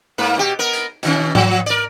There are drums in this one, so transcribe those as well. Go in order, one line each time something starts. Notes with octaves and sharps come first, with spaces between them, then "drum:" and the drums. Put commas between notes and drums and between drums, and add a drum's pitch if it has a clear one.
G#2 A#3 B4
B2 G4
B3 A#4
drum: hi-hat
B2 D#3 C#4, drum: hi-hat
F3, drum: tom G#2
A#4 D5, drum: hi-hat